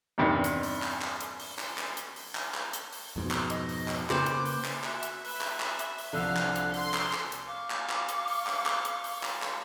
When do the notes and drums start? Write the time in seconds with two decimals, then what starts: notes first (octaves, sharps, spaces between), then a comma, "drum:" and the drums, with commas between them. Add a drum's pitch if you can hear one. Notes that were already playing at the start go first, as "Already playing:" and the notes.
0.18 E2 G2 C3 D#4
0.44 drum: hi-hat
0.63 drum: open hi-hat
0.82 drum: clap
1.01 drum: clap
1.21 drum: hi-hat
1.40 drum: open hi-hat
1.59 drum: clap
1.78 drum: clap
1.97 drum: hi-hat
2.16 drum: open hi-hat
2.35 drum: clap
2.54 drum: clap
2.73 drum: hi-hat
2.93 drum: open hi-hat
3.16 F2 G#2 B2
3.31 drum: clap
3.50 D#5, drum: hi-hat
3.69 drum: open hi-hat
3.88 drum: clap
4.10 C#3 A#3 B4 C5 G5 D6, drum: clap
4.26 drum: hi-hat
4.45 drum: open hi-hat
4.65 drum: clap
4.84 F#4 E5, drum: clap
5.03 drum: hi-hat
5.25 B4, drum: open hi-hat
5.41 drum: clap
5.60 drum: clap
5.79 drum: hi-hat
5.98 drum: open hi-hat
6.13 C2 D3 F3 F5 F#5 E6
6.37 drum: clap
6.56 drum: hi-hat
6.74 C6, drum: open hi-hat
6.94 drum: clap
7.13 drum: clap
7.32 drum: hi-hat
7.47 F5 C#6 D6
7.70 drum: clap
7.89 drum: clap
8.09 drum: hi-hat
8.28 drum: open hi-hat
8.47 drum: clap
8.66 drum: clap
8.85 drum: hi-hat
9.04 drum: open hi-hat
9.23 drum: clap
9.42 drum: clap